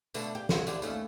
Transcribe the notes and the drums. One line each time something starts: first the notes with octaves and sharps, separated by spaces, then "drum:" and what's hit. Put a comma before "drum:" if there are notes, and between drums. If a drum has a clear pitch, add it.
B2 D3 A3, drum: tambourine
G4
G#3 F#4, drum: snare
D3 E4 G4, drum: tambourine
D#2 A3 C#4, drum: tambourine